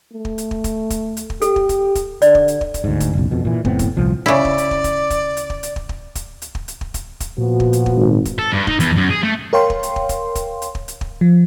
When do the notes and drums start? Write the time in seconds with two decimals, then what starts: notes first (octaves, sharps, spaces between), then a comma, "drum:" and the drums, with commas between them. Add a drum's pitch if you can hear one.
0.13 A3
0.25 drum: kick
0.38 drum: hi-hat
0.51 drum: kick
0.64 drum: kick, hi-hat
0.90 drum: kick, hi-hat
1.17 drum: hi-hat
1.30 drum: kick
1.42 G4 A4, drum: hi-hat
1.56 drum: kick
1.69 drum: kick, hi-hat
1.95 drum: kick, hi-hat
2.22 D3 D5, drum: hi-hat
2.35 drum: kick
2.48 drum: hi-hat
2.61 drum: kick
2.74 drum: kick, hi-hat
2.84 D2 G#2
3.00 drum: kick, hi-hat
3.13 F#1 B1
3.31 F2 B2
3.45 A#2 E3
3.65 F#1 A2 B3 C4, drum: kick
3.79 drum: kick, hi-hat
3.97 D#1 C2 F3
4.26 C#3 E4 D5
4.45 drum: kick
4.58 drum: hi-hat
4.71 drum: kick
4.84 drum: kick, hi-hat
5.10 drum: kick, hi-hat
5.37 drum: hi-hat
5.50 drum: kick
5.63 drum: hi-hat
5.76 drum: kick
5.89 drum: kick
6.15 drum: kick, hi-hat
6.42 drum: hi-hat
6.55 drum: kick
6.68 drum: hi-hat
6.81 drum: kick
6.94 drum: kick, hi-hat
7.20 drum: kick, hi-hat
7.38 A#2 F3 B3 F#4
7.60 drum: kick
7.73 drum: hi-hat
7.86 drum: kick
7.96 G#1
8.25 drum: kick, hi-hat
8.39 A4
8.52 G2
8.67 D#4, drum: kick
8.80 E2, drum: hi-hat
8.96 F#2
9.10 G#4
9.23 A3
9.53 A#4 C#5 F5 G5 C6
9.70 drum: kick
9.83 drum: hi-hat
9.96 drum: kick
10.09 drum: kick, hi-hat
10.35 drum: kick, hi-hat
10.62 drum: hi-hat
10.75 drum: kick
10.88 drum: hi-hat
11.01 drum: kick
11.21 F3